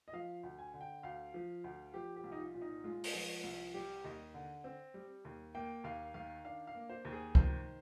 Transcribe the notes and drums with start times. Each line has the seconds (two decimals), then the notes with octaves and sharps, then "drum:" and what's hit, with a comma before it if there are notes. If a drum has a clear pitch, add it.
0.08 D#5
0.13 F3 F5
0.43 D2
0.59 G#5
0.74 D3
0.81 G5
1.03 D2 F5
1.34 F3
1.64 D2
1.94 F3 G4
2.16 G4
2.24 C2
2.32 D#4
2.39 F4
2.54 A#2
2.61 D#4
2.84 G#3 F4
3.04 drum: open hi-hat
3.14 F3
3.44 C2
3.74 G3 G4
4.04 D#2 D#5
4.34 D3
4.64 C4
4.94 G3
5.25 D#2
5.55 A#3 G5
5.84 D#2 F5
6.14 D#3 F5
6.44 D4 F5
6.67 F5
6.75 A#3
6.90 C5
7.05 D#2
7.12 G#4
7.35 D#3 C5, drum: kick C#2